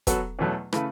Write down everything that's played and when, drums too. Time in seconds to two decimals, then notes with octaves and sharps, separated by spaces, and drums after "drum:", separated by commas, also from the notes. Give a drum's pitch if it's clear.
0.07 F#3 B3 F#4 A4, drum: kick, hi-hat
0.39 E2 B2 F#3 A3
0.73 C#3 A3 E4 B4, drum: rim click